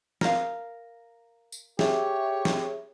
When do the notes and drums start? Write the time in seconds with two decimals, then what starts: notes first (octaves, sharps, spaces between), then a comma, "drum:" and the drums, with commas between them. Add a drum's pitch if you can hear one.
0.21 A#4 F5, drum: snare
1.52 drum: tambourine
1.79 G4 G#4 C#5 E5, drum: snare
2.45 drum: snare